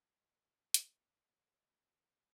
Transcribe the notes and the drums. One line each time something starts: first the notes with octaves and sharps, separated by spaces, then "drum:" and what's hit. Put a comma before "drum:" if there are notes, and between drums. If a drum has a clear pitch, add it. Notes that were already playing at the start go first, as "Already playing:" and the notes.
D4 G4 D#5 G5 C6 D#6
drum: hi-hat
C#5 F5
C#5 D#5 E5 G5
F#4 G#4 C5 A#5
A4